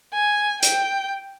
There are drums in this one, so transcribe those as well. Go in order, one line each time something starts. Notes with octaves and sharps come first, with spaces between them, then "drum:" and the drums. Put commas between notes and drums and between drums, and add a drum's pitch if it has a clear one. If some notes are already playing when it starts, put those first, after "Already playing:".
G#5
G5, drum: hi-hat